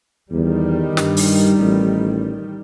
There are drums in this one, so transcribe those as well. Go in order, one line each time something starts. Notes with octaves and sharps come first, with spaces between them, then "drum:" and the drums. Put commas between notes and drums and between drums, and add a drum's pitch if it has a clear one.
E2 D#3 G3
G2, drum: snare
drum: open hi-hat
A1